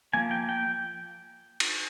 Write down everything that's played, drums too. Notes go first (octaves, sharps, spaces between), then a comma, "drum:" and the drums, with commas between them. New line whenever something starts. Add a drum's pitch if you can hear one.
F3 A#3 G#5
G5
G5
drum: cymbal